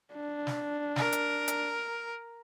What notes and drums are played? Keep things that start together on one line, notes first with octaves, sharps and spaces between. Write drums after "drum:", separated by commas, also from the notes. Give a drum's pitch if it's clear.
D4
drum: snare
A#4, drum: snare
drum: hi-hat
drum: hi-hat